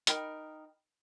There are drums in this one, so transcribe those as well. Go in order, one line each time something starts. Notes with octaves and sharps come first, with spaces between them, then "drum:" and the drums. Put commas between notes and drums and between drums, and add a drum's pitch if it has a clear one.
D#4 A#4 G5 B5, drum: hi-hat